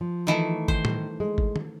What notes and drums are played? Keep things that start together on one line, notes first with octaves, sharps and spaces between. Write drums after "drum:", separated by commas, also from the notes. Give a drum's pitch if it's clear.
F3
D#3 E3 A3
D#3 C5, drum: kick G#1
drum: tom A2
G#3
drum: kick G#1
drum: tom D#3